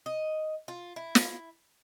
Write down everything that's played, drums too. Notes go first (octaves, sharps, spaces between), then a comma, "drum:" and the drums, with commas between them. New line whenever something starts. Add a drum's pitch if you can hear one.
D#5
F4
E4
drum: snare